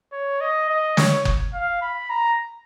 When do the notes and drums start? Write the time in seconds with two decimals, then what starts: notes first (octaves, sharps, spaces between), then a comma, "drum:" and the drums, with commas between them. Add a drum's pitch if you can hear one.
0.12 C#5
0.41 D#5
0.69 D#5
0.97 C#5, drum: snare
1.25 drum: kick F#1
1.54 F5
1.82 B5
2.10 A#5